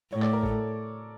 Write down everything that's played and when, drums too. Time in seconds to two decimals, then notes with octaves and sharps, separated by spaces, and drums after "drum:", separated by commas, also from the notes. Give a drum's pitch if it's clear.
0.12 A2 C#5
0.22 D5, drum: clap
0.33 A#4
0.43 A4, drum: kick A1